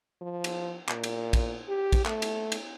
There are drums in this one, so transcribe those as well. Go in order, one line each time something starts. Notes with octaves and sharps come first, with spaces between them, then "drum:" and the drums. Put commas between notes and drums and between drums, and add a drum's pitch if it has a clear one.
F3
drum: cymbal
A#2, drum: clap
drum: cymbal
drum: kick, cymbal
G4
drum: kick, cymbal
A3, drum: clap
drum: cymbal
drum: cymbal